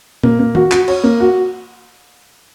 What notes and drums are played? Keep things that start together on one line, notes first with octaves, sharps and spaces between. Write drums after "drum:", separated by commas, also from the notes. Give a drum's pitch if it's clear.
A#3, drum: tom A#2
A#3
F#4, drum: tom D#3
F#4, drum: clap
C#5, drum: cymbal
A#3
F#4